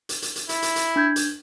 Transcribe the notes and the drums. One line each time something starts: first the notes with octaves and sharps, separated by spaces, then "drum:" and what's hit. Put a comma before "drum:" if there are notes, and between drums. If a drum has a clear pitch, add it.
drum: hi-hat
drum: hi-hat
drum: hi-hat
E4, drum: hi-hat
drum: hi-hat
drum: hi-hat
D4 G6 G#6
drum: hi-hat